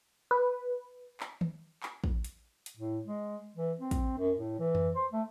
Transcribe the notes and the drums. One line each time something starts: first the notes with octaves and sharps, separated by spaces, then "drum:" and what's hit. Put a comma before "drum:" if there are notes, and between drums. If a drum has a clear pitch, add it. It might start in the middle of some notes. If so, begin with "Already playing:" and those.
B4
drum: clap
drum: tom D#3
drum: clap
drum: kick
drum: hi-hat
drum: hi-hat
A2
G#3
E3
C4
drum: kick, hi-hat
F#2
A2
E3
drum: tom F2
C5
A3